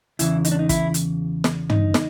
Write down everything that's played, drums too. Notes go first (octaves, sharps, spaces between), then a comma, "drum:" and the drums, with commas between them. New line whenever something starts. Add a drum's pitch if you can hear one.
E2 C#3 E3 E4, drum: hi-hat
D#4, drum: hi-hat
D4
D#4
E4, drum: kick, hi-hat
drum: hi-hat
drum: snare
D#4, drum: tom
drum: snare